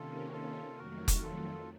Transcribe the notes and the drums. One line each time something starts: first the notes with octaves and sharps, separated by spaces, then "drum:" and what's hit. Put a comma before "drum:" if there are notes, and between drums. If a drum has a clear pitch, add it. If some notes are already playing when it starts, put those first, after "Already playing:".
Already playing: C3 D#3 A#3 C#4 F4 A4
F#4
F4 A4
F2 D#3 F#3 A3 F#4 A#4
drum: kick F1, hi-hat
A#4
F4 A4